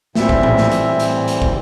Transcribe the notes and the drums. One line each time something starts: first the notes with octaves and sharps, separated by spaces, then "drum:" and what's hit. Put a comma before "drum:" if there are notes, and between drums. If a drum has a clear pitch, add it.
A2 E3 G3 C4 E5, drum: snare
drum: kick
drum: tom
drum: snare
drum: hi-hat
drum: hi-hat
drum: hi-hat
drum: kick